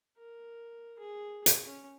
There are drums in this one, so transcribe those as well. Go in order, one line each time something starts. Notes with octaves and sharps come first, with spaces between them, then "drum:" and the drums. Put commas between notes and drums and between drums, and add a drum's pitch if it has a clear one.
A#4
G#4
drum: hi-hat
C#4